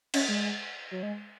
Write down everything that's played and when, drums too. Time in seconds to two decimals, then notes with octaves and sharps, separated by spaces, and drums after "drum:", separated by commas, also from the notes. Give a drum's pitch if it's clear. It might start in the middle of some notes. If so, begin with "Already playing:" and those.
0.14 C#4, drum: cymbal
0.29 G#3
0.91 F#3
1.03 G#3